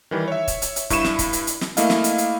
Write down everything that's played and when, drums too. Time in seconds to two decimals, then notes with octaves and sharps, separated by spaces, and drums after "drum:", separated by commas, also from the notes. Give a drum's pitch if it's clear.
0.11 D#3 E3 G3
0.28 C#5 E5
0.48 drum: kick, hi-hat
0.62 drum: hi-hat
0.76 drum: hi-hat
0.90 G2 E4 B5 C#6 D#7 E7, drum: kick, hi-hat
1.04 drum: snare
1.19 drum: kick, hi-hat
1.33 drum: hi-hat
1.47 drum: hi-hat
1.61 drum: snare
1.77 A3 A#3 E4 D#5 F5, drum: hi-hat
1.90 drum: snare
2.04 drum: hi-hat
2.18 drum: hi-hat